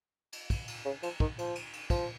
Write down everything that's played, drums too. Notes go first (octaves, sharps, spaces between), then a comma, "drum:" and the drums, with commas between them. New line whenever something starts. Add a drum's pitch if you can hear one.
drum: cymbal
drum: kick, cymbal
drum: cymbal
C#3
F3, drum: cymbal
D#3, drum: kick
F3, drum: cymbal
drum: cymbal
drum: cymbal
F3, drum: kick, cymbal